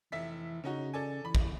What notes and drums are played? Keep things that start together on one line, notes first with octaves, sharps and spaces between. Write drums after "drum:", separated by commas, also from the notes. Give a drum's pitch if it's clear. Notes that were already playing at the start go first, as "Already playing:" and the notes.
F1 E3 E5 B6
C#3 C#4 D#4 F#4
A4 D5 G#5
E3 B5
drum: kick